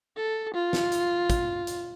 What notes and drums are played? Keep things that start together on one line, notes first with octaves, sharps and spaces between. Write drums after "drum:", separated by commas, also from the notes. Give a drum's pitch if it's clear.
A4
F4
drum: snare
drum: hi-hat
drum: kick, hi-hat
drum: hi-hat